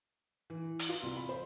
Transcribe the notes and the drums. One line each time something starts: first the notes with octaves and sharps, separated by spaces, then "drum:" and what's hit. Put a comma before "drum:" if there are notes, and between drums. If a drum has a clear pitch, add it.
E3
drum: hi-hat
F4
C2
B5
C5